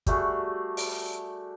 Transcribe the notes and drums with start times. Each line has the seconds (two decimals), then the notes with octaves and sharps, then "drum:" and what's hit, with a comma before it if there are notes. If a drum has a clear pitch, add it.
0.07 G3 A3 F#4 G#4, drum: kick, hi-hat
0.77 drum: open hi-hat